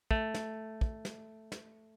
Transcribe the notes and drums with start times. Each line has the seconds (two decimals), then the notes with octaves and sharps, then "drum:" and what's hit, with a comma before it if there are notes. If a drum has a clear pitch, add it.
0.11 A3, drum: kick
0.34 drum: snare
0.81 drum: kick
1.05 drum: snare
1.52 drum: snare